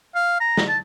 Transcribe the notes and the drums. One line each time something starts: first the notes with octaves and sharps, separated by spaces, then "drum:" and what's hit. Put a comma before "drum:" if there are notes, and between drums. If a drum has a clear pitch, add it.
F5
A#5
drum: snare
A5